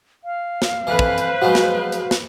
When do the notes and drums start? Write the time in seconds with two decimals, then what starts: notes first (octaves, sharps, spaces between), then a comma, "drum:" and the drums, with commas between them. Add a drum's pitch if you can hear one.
0.24 F5
0.62 drum: snare
0.87 F2 E3 B4 C5
0.99 drum: kick
1.18 drum: hi-hat
1.42 F3 F#3 G#3 F#4
1.55 drum: snare
1.92 drum: hi-hat
2.11 drum: snare